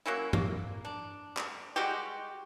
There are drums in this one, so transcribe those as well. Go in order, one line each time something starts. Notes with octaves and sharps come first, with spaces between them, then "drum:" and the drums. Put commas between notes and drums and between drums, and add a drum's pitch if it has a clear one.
F#3 A#3 C#4 E4
A#3, drum: tom G2
D4
drum: clap
G3 G#3 F#4 G4